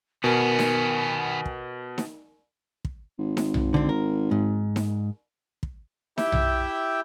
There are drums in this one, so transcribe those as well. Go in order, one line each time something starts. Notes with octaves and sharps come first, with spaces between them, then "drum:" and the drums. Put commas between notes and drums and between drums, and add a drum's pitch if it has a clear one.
B2 D#3 B3 A#4 G#5
drum: snare D#4
drum: kick
drum: snare D#4
drum: kick
G#1
drum: snare D#4
drum: tom B1
D3 C4
A#4
G#2
drum: snare D#4
drum: kick
E4 G4 E5 G5, drum: snare D#4
drum: tom B1